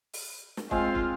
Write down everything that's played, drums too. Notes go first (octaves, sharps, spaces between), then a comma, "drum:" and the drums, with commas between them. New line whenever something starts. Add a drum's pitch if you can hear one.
drum: open hi-hat
drum: snare
G#3 C4 F4, drum: kick
drum: kick